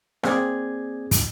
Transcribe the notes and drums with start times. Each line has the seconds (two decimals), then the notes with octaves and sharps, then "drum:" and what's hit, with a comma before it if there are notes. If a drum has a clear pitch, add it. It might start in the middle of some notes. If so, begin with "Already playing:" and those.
0.23 A#3 C4 G#4 D5 G#6, drum: rim click
1.11 drum: kick, hi-hat